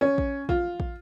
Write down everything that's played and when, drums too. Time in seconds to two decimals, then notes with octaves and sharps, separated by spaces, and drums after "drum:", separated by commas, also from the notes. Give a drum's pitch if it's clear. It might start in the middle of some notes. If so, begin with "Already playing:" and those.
0.01 C#4
0.18 drum: kick
0.49 F4, drum: kick
0.80 drum: kick